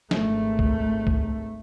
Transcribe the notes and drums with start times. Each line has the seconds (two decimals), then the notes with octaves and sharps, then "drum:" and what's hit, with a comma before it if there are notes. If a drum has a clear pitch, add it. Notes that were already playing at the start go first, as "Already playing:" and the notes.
0.11 G#1 A3, drum: snare
0.59 drum: kick C2
1.07 drum: kick C2